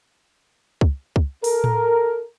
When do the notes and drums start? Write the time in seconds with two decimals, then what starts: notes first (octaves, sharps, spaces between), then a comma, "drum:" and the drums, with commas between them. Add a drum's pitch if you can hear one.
0.81 drum: kick C#2
1.16 drum: kick C#2
1.44 A4 A#4, drum: open hi-hat
1.64 drum: tom A2